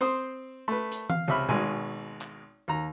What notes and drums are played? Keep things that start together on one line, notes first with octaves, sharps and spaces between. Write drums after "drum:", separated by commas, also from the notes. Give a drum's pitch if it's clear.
C4 C5 D#6
A3 B4
drum: hi-hat
F5, drum: tom E3
C#2 C3 E5 B5 F6
G#1 B2 G#3 G#5, drum: tom B2
drum: clap
D#2 A#5